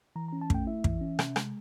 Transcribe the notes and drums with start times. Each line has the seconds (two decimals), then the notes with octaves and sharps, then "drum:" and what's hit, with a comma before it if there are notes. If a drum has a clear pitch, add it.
0.16 E3 A#5
0.28 A#5
0.33 C#4
0.41 A5
0.50 A3 G5, drum: kick
0.67 E4 E5
0.84 E3, drum: kick
1.01 C#4
1.19 C3, drum: rim click
1.36 G#3, drum: rim click